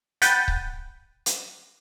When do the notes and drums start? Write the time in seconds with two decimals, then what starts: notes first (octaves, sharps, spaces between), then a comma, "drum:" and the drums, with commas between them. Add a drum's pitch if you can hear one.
0.22 F#5 G5 B5 G6 A6 D#7, drum: hi-hat
0.48 drum: kick C#1
1.26 drum: hi-hat